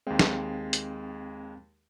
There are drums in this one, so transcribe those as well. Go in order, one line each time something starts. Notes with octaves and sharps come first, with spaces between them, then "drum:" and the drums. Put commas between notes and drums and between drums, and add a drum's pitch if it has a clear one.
D#2 G#3 C4 F5 G5
drum: snare
drum: hi-hat